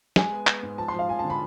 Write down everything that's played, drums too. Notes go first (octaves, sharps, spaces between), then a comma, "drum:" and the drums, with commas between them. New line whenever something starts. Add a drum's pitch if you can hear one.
G#3 G#5, drum: snare
B3
B3, drum: clap
G#2
F3 A5
C6
F3 F5
F3 G#5
D3 A5
B5